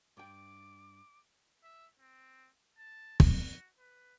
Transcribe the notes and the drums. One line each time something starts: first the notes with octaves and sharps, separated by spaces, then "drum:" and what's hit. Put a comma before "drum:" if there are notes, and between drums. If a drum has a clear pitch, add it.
G2 G5 D6
E5
C4
A5
F#4, drum: kick
B4